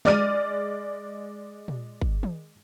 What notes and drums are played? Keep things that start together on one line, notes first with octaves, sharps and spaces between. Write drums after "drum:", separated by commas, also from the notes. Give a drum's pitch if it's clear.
G#3 D5 F6 D#7, drum: snare
drum: tom A#2
drum: kick
drum: tom